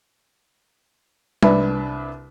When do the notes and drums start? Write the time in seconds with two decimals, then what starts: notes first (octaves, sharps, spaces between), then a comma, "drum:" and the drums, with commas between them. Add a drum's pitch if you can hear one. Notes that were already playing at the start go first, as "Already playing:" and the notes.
1.43 C2 D4 B4 E5, drum: tom G3